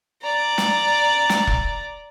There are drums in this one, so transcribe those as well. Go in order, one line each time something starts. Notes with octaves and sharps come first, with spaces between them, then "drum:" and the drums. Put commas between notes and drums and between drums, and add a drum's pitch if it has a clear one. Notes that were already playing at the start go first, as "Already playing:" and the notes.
D5 A#5
drum: snare
drum: snare
drum: kick E1